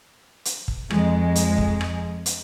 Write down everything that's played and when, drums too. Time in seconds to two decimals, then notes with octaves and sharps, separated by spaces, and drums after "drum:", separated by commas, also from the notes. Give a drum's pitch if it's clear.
0.45 drum: hi-hat
0.68 drum: kick
0.90 F2 G#3, drum: rim click
1.36 drum: hi-hat
1.58 drum: kick
1.81 drum: rim click
2.26 drum: hi-hat